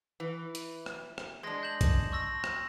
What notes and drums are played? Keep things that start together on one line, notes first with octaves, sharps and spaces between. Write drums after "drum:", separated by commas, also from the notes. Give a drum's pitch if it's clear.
E3
drum: hi-hat
drum: rim click
drum: rim click
G#3 D4 C6 G#6 A#6
G6 E7 F#7
drum: kick, hi-hat
C#6 E6 A#6
drum: rim click